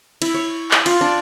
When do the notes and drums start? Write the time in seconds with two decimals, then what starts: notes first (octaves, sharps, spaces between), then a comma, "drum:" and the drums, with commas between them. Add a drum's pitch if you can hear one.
0.22 E4, drum: cymbal
0.34 C#5
0.71 drum: clap
0.86 F4, drum: cymbal
1.01 D4